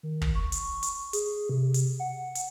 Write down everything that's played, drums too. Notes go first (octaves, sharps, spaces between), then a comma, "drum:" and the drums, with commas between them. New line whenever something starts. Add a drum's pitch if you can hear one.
D#3
drum: kick
C#6
drum: hi-hat
drum: hi-hat
G#4, drum: hi-hat
C3
drum: hi-hat
F#5
drum: hi-hat